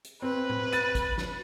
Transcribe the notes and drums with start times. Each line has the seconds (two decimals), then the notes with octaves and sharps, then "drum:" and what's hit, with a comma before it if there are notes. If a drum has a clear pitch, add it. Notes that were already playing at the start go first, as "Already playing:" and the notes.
0.04 drum: hi-hat
0.22 C4 B4
0.50 drum: tom A2
0.72 A6 D#7, drum: hi-hat
0.95 drum: kick, hi-hat
1.18 drum: snare